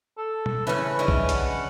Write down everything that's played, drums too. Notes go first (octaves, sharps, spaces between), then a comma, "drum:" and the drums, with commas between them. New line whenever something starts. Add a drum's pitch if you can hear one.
A4
drum: tom
C#3 E3 C#4 B4
C#3 C#4 D4 E4 D#5
drum: kick C2
B4 F#5 A5, drum: hi-hat